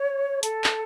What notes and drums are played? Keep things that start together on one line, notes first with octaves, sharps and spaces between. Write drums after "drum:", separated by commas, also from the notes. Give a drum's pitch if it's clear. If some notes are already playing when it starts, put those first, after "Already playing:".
Already playing: C#5
A4, drum: hi-hat
drum: clap